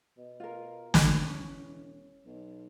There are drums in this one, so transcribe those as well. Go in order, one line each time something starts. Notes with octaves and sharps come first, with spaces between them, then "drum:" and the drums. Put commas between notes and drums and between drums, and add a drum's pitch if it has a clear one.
B2
F4 A#4
drum: snare
E1 C#4
B1